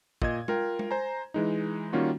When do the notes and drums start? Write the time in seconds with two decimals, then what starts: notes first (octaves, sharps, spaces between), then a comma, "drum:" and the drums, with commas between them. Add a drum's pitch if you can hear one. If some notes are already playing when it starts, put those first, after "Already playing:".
0.22 A#2 D#5 G#6, drum: kick
0.48 F4 A#4 G5, drum: tom G#3
0.79 drum: tom G#3
0.91 C5 G#5 A#5
1.34 E3 G#3 D#4
1.93 D#3 G3 A#3 C#4 F4 F#4